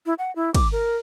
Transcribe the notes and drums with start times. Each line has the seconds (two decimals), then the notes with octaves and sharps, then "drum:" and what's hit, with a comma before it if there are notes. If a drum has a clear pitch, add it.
0.06 E4
0.19 F#5
0.36 E4
0.55 D6, drum: kick, cymbal
0.72 A#4